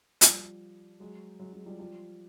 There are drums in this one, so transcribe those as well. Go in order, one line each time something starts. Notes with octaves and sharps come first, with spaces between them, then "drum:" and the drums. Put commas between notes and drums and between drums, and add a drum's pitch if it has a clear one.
F3 G3, drum: hi-hat
F#3 G#3
F#3 G#3
F#3 G#3
F3 G3
F3 G3